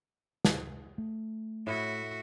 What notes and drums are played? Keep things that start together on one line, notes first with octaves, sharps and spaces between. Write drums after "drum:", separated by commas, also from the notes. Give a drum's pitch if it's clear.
drum: snare
A3
A2 E4 F#4 E5